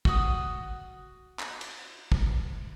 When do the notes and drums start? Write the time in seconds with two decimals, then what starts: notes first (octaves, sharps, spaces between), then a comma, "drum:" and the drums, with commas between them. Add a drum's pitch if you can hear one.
0.05 F#4 F#5 D#6, drum: kick
1.39 drum: clap
1.61 drum: cymbal
2.12 drum: kick